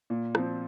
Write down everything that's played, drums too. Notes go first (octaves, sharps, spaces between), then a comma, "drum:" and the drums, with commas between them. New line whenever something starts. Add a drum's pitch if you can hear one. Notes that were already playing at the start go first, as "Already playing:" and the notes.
A#2
F3 C4, drum: rim click